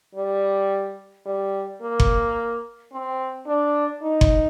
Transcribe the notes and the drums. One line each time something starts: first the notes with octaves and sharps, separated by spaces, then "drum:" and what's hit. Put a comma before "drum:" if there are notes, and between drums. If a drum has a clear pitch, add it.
G3
G3
A#3
drum: kick F#1
C4
D4
D#4
drum: kick F#1